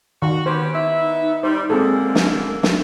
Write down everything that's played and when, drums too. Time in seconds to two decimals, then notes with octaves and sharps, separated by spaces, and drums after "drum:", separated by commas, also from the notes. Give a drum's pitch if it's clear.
0.22 D#3 F#4
0.46 B3 C#4 G4 C5
0.74 B3 D#4 E4 E5
1.43 G3 C5
1.70 F#2 D3 G#3 A#3 C4 G#4 A4
2.15 drum: snare
2.63 drum: snare